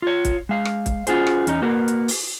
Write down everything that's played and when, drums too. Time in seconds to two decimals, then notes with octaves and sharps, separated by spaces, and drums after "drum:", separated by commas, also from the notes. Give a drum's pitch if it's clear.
0.02 F4 C#5
0.25 drum: kick, hi-hat
0.49 G#3 F5
0.65 drum: rim click
0.86 drum: kick, hi-hat
1.07 C#4 F4 F#4 G#4 C5, drum: hi-hat
1.27 drum: rim click
1.47 E2 C#4 D#4, drum: hi-hat
1.62 A#3 F#4 A#4 B4
1.88 drum: hi-hat
2.08 drum: open hi-hat